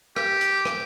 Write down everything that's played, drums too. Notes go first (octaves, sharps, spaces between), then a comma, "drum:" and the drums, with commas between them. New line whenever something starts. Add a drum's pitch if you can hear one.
G4, drum: rim click
drum: hi-hat
drum: rim click